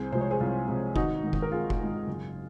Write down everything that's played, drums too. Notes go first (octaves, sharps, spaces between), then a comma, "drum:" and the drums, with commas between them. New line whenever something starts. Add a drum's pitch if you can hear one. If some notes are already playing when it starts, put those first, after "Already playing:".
Already playing: C2 G#4 C5
C3 F3 G#3 C5
C#5
G#4 C5
C2 F4
C3 F3 G#3
G#1 D#4 F#4, drum: kick F1
G#2 D#3
drum: kick F1
A#4
G#1 F4 G#4
drum: kick F1
G#2 D#3
F#1